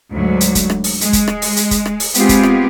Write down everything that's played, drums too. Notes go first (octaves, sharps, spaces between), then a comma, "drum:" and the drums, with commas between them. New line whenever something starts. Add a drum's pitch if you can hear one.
D2 G#2 F#3
drum: hi-hat
drum: kick, hi-hat
drum: rim click
drum: open hi-hat
G#3, drum: hi-hat
drum: kick, hi-hat
drum: rim click
drum: open hi-hat
drum: hi-hat
drum: kick, hi-hat
drum: rim click
drum: open hi-hat
G#3 B3 C4 F4 G4 G#4, drum: hi-hat
drum: kick, hi-hat
drum: rim click